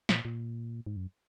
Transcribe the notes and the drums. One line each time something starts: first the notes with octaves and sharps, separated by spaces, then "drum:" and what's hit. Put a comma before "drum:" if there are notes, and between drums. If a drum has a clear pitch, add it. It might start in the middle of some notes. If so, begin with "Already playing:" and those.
A#2, drum: snare
A#2
G#2
F#2